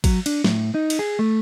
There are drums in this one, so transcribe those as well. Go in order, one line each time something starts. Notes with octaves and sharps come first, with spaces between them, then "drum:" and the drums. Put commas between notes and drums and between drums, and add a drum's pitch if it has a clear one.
F#3, drum: kick G#1, cymbal
D4, drum: cymbal
A2, drum: snare
D#4
drum: cymbal
G#4
A3